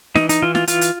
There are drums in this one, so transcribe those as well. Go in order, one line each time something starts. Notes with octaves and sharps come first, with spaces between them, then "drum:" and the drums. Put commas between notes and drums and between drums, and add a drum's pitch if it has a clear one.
E3 D#4, drum: snare
D#4, drum: hi-hat
E3 F4
F4, drum: snare
E3 F4, drum: hi-hat
drum: hi-hat